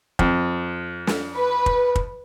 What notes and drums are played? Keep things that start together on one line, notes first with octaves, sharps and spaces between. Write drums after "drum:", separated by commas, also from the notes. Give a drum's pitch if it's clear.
F2, drum: kick
drum: snare
B4
drum: kick
drum: kick